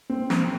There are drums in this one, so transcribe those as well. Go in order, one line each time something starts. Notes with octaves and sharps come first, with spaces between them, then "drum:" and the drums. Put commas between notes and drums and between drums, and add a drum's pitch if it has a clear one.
C4
C4, drum: snare